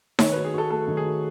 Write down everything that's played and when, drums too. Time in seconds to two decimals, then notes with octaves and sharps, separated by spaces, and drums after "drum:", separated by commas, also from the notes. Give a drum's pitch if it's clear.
0.19 D#3 C#5, drum: snare D#4
0.32 F#4 B4
0.45 G#4
0.54 F#4 A4
0.71 A3 A4
0.88 D#3
0.97 G#4
1.06 F#4